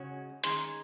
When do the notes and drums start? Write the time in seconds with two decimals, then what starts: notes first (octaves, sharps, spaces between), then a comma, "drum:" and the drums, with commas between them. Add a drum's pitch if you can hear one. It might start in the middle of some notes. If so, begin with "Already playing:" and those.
Already playing: C#3 G#3 C#4 F#4
0.44 D#3 G#3 C#4 G#4 C6, drum: hi-hat